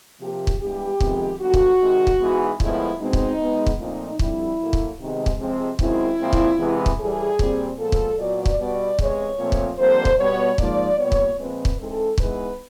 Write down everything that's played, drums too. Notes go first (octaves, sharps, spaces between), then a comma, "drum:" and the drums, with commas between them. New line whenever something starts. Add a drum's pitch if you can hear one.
C3 F3 A#3 G4
drum: kick
G2 E3 G#3 B3 G4
F2 C3 D#3 G#3 B3, drum: kick
G2 D3 F#3 B3 F#4
drum: kick
C3 D#3 G#3
drum: kick
G#2 E3 G#3 B3
A2 F3 G#3 B3 E4, drum: kick
B2 G#3 C4 D#4
drum: kick
B2 G#3 B3
drum: kick
A#2 F3 A3 C4 D#4
F2 D3 G3 E4, drum: kick
A2 F#3 A#3
drum: kick
C3 D#3 G#3 B3
drum: kick
C3 F3 G#3 C4
F#2 D#3 G#3 C4 E4, drum: kick
A#2 F3 G#3 C4
drum: kick
E2 C3 E3 G#3 B3
drum: kick
A2 E3 G3 G#4
A#2 G3 C4, drum: kick
A#2 F3 G#3 B3 A4
drum: kick
A#2 F#3 B3 D5
drum: kick
B2 G3 B3 D5
E2 C3 E3 G#3 C#5, drum: kick
A#2 F3 A3 C4
drum: kick
F2 D3 G3 A#3 C5
drum: kick
B2 G3 B3 C#5
G#2 F3 A#3 D5, drum: kick
A#2 G3 B3 C#5
drum: kick
A#2 F3 G#3 C4 B4
drum: kick
G#2 E3 G#3 C4 A4
G#2 E3 G#3 B3 B4, drum: kick